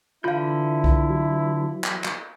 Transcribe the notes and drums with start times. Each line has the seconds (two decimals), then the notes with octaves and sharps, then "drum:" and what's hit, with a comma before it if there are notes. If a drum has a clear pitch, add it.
0.24 D3 E3 E4 F4 F5 B5 G6
0.84 drum: kick C2
1.10 F#3
1.84 drum: clap
2.04 drum: clap